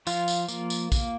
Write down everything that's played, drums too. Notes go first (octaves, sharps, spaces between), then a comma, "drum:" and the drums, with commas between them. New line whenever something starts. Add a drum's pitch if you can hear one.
F3 F4 F5, drum: tambourine
drum: tambourine
A#3, drum: tambourine
drum: tambourine
A#3, drum: kick, tambourine